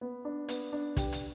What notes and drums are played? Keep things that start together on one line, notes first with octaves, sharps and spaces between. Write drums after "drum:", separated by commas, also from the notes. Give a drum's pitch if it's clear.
B3
D4
B3, drum: hi-hat
D4
G4, drum: kick, hi-hat
drum: hi-hat